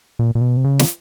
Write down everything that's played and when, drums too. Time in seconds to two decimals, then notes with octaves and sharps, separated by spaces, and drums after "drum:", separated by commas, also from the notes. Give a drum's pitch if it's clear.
0.19 A#2
0.35 A#2
0.41 B2
0.57 C3
0.64 C#3
0.79 drum: snare